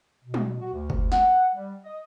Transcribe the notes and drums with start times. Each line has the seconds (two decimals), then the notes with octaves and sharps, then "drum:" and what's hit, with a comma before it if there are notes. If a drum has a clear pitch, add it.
0.24 B2
0.34 drum: tom
0.60 F#4
0.73 D2
0.90 drum: kick F#1
1.12 F#5, drum: snare
1.54 G3
1.84 D#5